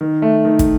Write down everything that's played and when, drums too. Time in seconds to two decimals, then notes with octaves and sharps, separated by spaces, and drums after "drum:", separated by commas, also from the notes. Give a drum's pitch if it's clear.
0.01 D#3
0.22 A3
0.45 D#3
0.59 drum: kick, hi-hat